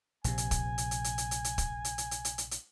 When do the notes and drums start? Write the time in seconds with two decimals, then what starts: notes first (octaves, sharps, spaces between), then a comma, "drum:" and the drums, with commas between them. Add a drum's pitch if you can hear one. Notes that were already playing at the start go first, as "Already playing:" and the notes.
0.24 A#1 C3 G#5, drum: hi-hat
0.38 drum: hi-hat
0.51 drum: kick, hi-hat
0.78 drum: hi-hat
0.91 drum: hi-hat
1.04 drum: hi-hat
1.18 drum: hi-hat
1.31 drum: hi-hat
1.44 drum: hi-hat
1.58 drum: kick, hi-hat
1.85 drum: hi-hat
1.98 drum: hi-hat
2.11 drum: hi-hat
2.25 drum: hi-hat
2.38 drum: hi-hat
2.51 drum: hi-hat